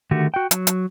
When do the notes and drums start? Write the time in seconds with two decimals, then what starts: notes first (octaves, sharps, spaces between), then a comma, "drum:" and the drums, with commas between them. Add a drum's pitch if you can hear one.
0.11 D3 D#3 A3 F#4 G4
0.34 F#4 G5
0.51 F#3, drum: hi-hat
0.67 drum: hi-hat